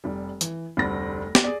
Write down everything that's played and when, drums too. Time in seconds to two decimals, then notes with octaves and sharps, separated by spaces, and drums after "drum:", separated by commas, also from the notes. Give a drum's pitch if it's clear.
0.04 F1 G3
0.41 E3, drum: hi-hat
0.77 F1 D2 G3 C4 B5 A#6
1.35 drum: snare
1.44 G#4 D5